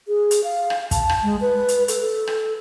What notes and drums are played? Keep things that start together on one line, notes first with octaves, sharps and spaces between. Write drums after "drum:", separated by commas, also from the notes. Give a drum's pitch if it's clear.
G#4
drum: hi-hat
F5
drum: rim click
A5, drum: kick, hi-hat
drum: rim click
G#3
B4
drum: hi-hat
A4, drum: hi-hat
A4
drum: rim click